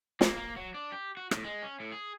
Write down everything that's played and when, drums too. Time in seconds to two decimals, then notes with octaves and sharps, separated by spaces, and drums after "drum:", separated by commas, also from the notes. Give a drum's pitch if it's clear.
0.21 A#3, drum: snare
0.37 A#3
0.56 F#3
0.74 D4
0.92 G4
1.17 F#4
1.31 A2, drum: rim click
1.44 G#3
1.63 C#4
1.80 A2
1.92 G#4